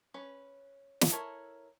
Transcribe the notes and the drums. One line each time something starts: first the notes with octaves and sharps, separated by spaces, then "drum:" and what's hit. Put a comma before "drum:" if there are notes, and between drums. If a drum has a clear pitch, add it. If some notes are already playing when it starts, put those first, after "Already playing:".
C#4 B4
drum: snare
E4 A4 A#4 C#5 G#5